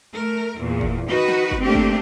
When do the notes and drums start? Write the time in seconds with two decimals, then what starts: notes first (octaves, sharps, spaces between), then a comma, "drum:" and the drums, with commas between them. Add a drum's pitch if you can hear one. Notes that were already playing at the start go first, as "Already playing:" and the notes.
0.14 A3 A#4
0.58 E2 A#2
0.81 drum: kick
1.07 D#3 D#4 F#4 B4
1.28 drum: snare
1.51 drum: kick
1.63 A3 A#3 C4 D4 G4
1.75 drum: kick